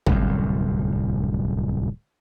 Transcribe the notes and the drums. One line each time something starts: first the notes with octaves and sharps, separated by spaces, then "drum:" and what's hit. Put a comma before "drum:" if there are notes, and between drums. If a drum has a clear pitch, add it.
D1 C2 F#2, drum: kick